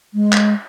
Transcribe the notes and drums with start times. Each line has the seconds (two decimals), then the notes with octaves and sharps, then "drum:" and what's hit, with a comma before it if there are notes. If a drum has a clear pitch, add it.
0.14 G#3
0.33 drum: clap